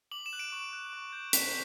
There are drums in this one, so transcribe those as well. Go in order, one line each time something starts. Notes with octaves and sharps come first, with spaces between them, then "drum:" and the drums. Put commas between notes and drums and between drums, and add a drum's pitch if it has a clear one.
D6 F#7
E7
F#6
D7
C#6
F#6
C#6
G6
D6 B6, drum: hi-hat